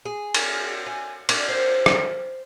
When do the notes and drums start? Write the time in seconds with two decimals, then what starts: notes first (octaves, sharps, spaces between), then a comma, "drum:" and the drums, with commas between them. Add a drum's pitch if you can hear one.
0.05 G#4
0.34 drum: cymbal
0.86 G#5
1.29 D4, drum: cymbal
1.49 C5
1.86 drum: rim click